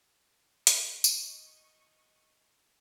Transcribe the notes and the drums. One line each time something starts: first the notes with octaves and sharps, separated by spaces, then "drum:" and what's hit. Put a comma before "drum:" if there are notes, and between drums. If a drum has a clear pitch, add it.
D#5 C#6, drum: hi-hat
drum: tambourine